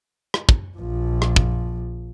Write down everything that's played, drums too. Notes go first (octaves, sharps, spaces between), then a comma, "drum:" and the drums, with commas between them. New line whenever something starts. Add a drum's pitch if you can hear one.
drum: rim click
drum: kick
A#1 F3
drum: rim click
drum: kick